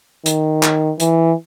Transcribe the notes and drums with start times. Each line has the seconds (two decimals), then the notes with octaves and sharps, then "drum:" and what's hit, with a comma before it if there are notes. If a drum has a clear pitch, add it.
0.26 D#3, drum: hi-hat
0.63 drum: clap
1.00 E3, drum: hi-hat